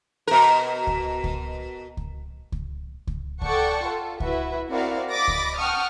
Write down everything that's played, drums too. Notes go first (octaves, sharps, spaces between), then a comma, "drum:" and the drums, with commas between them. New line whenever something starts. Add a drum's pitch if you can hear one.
B2 A#4
drum: kick C#2
drum: kick C#2
drum: kick C#2
drum: kick C#2
drum: kick C#2
A4 D5 F#5 G5 A5 C#6, drum: kick C#2
F4 A4
E4 F#4 B4 E5, drum: kick C#2
C4 E4 F#4 A#4 D5 F5
D5 D#5 B5 D6 A6 A#6
drum: kick C#2
F#5 G5 A5 C#6 D#6 F6